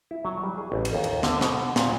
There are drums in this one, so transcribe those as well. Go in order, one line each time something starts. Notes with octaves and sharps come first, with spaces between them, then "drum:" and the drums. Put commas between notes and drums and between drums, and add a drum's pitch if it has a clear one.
E4
F#3
G3
G#4
A1
drum: cymbal
D#2
drum: cymbal
D3, drum: snare
B2, drum: snare
F#5
A#2, drum: snare